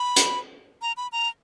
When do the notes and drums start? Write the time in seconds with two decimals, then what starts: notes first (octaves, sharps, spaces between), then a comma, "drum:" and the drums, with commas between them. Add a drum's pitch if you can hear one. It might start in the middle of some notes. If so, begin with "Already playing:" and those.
Already playing: B5
0.16 drum: hi-hat
0.82 A#5
0.97 B5
1.12 A#5